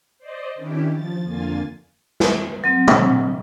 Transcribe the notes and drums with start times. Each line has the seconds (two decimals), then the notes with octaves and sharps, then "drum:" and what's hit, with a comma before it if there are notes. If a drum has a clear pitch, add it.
0.19 C5 D5 D#5
0.55 D#3 C#4 D4 E4 G4
0.92 F3 A6
1.23 F2 D3 A#3 F4 G#5 A6
2.20 drum: snare
2.64 F#3 C4
2.88 drum: tom